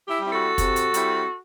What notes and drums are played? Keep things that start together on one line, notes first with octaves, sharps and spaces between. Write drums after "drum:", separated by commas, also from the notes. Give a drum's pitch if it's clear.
E4 G4
G3 C4 E4
F#4 A4
C3, drum: kick, hi-hat
drum: hi-hat
G3 C4 E4, drum: hi-hat